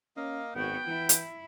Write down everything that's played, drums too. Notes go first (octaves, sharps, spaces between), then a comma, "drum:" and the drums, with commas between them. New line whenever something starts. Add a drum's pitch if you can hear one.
A#3 C#4 D#5 F5
G#1 B3 F#4 F#5 G5
E3 E4
drum: hi-hat